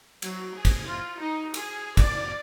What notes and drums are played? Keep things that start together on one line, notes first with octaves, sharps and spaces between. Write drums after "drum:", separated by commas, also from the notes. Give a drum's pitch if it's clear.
F#3, drum: cymbal
G#4
drum: kick, cymbal
F4
D#4
G#4, drum: cymbal
D5, drum: kick, cymbal